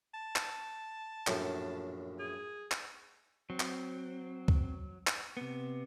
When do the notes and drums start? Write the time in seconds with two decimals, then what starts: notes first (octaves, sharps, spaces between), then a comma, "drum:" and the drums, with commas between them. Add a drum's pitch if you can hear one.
0.14 A5
0.36 drum: clap
1.27 A#1 F#2 A2, drum: clap
2.19 G#4
2.71 drum: clap
3.50 F#3 C4
3.60 drum: clap
4.48 drum: kick C#2
5.07 drum: clap
5.37 C3 B3